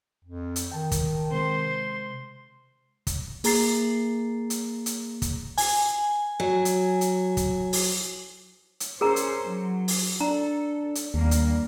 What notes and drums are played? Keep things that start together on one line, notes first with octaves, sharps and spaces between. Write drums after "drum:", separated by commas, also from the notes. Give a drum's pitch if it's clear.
F2
drum: hi-hat
D#3 G5 A5
drum: kick, hi-hat
C3 G#3 C5 C6
drum: kick, hi-hat
A#3 G#4 A#5 A6 C7, drum: open hi-hat
drum: hi-hat
drum: hi-hat
drum: kick, hi-hat
G#5, drum: open hi-hat
F#3
drum: hi-hat
drum: hi-hat
drum: kick, hi-hat
drum: open hi-hat
drum: hi-hat
C#4 G#4 A#4 C5 A#5
drum: hi-hat
F#3
drum: open hi-hat
D4 A4 A#5
drum: hi-hat
D#2 G3 A#3 D4
drum: hi-hat